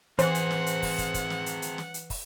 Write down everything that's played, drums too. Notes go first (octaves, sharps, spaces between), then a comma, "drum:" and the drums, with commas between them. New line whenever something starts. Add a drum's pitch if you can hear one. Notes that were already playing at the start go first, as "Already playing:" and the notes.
E3 C4 G#4 C5 F#5, drum: hi-hat
drum: hi-hat
drum: snare
drum: hi-hat
drum: kick, open hi-hat
drum: kick, hi-hat
drum: kick, hi-hat
drum: snare
drum: hi-hat
drum: hi-hat
drum: snare
drum: hi-hat
drum: kick, open hi-hat